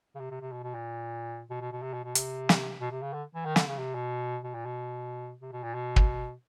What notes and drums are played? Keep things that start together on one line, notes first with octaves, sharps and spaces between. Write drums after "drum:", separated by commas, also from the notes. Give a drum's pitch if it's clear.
C#3
C3
C3
C3
B2
B2
A#2
B2
B2
B2
C3
B2
B2
C3, drum: hi-hat
drum: snare
B2
C3
C#3
D3
E3
D#3
D3, drum: snare
C#3
C3
B2
B2
A#2
B2
C3
B2
A#2
B2
drum: kick